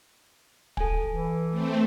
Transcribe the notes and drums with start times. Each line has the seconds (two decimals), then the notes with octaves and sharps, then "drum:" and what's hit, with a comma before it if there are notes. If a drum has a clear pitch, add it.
0.77 A4 G#5, drum: kick
1.10 E3
1.50 A3 C4